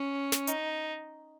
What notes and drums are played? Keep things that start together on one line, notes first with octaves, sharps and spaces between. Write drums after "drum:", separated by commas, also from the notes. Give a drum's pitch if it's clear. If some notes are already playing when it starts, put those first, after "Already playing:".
Already playing: C#4
drum: snare
D#4, drum: hi-hat